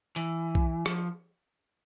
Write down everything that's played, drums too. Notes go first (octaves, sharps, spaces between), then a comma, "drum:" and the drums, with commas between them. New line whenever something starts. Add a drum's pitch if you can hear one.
E3, drum: hi-hat
drum: kick B1
F3, drum: rim click